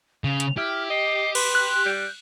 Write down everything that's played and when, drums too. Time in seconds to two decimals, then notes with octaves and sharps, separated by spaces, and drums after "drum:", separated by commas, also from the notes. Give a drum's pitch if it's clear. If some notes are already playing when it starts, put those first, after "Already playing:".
0.24 C#3 F7
0.40 drum: hi-hat
0.57 E4 G4 F6
0.90 D#5 C7
1.35 B4 C6, drum: cymbal
1.55 F#6
1.86 G3 G6